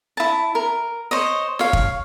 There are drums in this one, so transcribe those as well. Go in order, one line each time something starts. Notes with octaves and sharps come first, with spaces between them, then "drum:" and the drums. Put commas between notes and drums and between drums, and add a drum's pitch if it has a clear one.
E4 A5
A#4
C5 C#5 D#5
C#5 F5, drum: snare
drum: kick